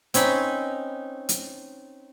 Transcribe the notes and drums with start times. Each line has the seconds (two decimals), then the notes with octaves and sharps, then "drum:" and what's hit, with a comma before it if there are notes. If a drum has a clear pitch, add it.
0.14 C4 C#4 D#4 B5, drum: hi-hat
1.29 drum: hi-hat